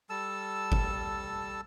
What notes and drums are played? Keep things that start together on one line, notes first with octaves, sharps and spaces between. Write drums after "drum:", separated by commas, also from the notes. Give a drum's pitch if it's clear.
G3 A4 A5 E6
drum: kick G1